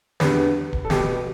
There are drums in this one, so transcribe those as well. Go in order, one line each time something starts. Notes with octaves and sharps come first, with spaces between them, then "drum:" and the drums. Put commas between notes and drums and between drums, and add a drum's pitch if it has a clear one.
E2 D3 G3 B3 B4, drum: snare
drum: kick D1
A4
B2 G3 B3 G4, drum: snare